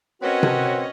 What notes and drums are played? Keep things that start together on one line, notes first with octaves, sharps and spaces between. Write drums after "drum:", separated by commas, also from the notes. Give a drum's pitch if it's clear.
C4 C#4 F#4 A#4 B4 C#5 D#5 F#5
drum: tom C3